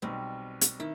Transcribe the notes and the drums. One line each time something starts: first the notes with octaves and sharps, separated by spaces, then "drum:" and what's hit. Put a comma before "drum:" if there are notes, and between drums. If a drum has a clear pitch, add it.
B1 B2 G3 C4
drum: hi-hat
D#3 E4